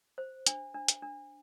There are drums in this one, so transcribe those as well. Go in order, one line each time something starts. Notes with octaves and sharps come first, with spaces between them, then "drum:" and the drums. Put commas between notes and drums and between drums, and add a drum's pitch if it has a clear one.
C5
D4, drum: hi-hat
D4
drum: hi-hat
D4